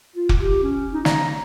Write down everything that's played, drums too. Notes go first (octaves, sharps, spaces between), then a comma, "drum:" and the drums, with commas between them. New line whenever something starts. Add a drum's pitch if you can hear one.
F4
drum: kick F1
G4
C#4
D#4
A#5, drum: snare